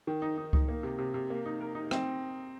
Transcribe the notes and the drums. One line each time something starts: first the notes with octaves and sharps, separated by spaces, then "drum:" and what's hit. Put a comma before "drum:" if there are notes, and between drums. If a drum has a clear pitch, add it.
D#3
D#4
D#4
D#4, drum: kick C#2
A#3
C3
C3
C3
A#3
D#4
A#4
D#4
C4, drum: rim click